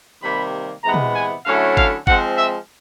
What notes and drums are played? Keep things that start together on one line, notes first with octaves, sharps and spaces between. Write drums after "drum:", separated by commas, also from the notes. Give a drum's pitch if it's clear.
C3 D#3 G3 A#3 B5
C3 E3 G#3 B3 A#5
drum: tom
G#5
D3 F#3 A3 C#4 E4 F5
F5, drum: kick G1
F3 G#3 C4 F#5, drum: kick G1
E5